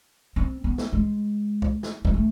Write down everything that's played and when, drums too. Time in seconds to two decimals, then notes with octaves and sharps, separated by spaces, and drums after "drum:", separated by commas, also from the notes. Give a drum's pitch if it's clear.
0.36 C4
0.64 B3
0.78 drum: snare
0.93 G#3
1.62 drum: kick
1.83 drum: snare
2.05 G#3, drum: kick
2.14 A3